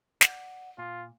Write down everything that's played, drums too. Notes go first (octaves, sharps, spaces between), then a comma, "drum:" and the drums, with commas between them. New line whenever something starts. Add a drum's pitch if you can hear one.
D5 F#5, drum: snare
A#2 F4